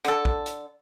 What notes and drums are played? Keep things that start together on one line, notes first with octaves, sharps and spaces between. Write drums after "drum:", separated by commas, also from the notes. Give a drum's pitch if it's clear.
D3 A4, drum: hi-hat
drum: kick
drum: hi-hat